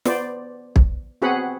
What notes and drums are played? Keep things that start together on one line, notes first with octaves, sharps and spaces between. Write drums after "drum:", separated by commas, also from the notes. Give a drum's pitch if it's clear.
B3 C5 D5, drum: snare
drum: kick
B3 C4 F#4 G#4 F#5 B5